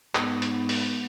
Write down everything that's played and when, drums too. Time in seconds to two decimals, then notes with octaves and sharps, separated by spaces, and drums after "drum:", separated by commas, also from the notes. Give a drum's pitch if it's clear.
0.15 G#2 B3, drum: clap
0.42 drum: hi-hat
0.69 drum: open hi-hat